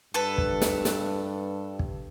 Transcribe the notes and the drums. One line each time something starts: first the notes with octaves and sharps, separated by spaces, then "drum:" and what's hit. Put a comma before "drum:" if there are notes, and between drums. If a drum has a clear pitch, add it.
G2 A4 B4
drum: kick
drum: snare
drum: snare
drum: kick